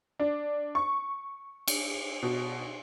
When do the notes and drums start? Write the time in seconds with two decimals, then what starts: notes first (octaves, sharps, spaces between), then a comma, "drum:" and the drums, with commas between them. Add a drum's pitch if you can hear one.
0.19 D4
0.75 C#6
1.68 drum: cymbal
2.22 B2